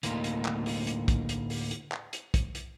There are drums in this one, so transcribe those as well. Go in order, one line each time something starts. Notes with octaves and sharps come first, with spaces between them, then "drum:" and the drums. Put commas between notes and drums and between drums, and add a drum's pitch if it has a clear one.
D2 A2 A#3 D#4 F4, drum: hi-hat
drum: hi-hat
drum: clap
drum: open hi-hat
drum: hi-hat
drum: kick, hi-hat
drum: hi-hat
drum: open hi-hat
drum: hi-hat
drum: clap
drum: hi-hat
drum: kick, hi-hat
drum: hi-hat